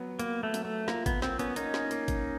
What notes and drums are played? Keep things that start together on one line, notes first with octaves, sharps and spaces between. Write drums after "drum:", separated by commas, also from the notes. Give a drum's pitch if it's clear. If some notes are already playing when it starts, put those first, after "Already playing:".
Already playing: F#3 B3
A#3 B3, drum: hi-hat
A3
F#3, drum: hi-hat
A3
A#3 F4, drum: snare
B3, drum: kick G#1, hi-hat
A#3 C4, drum: snare
B3 C#4, drum: hi-hat
A#3 C#4 D#4, drum: hi-hat
drum: snare
A#3, drum: hi-hat
drum: kick G#1, hi-hat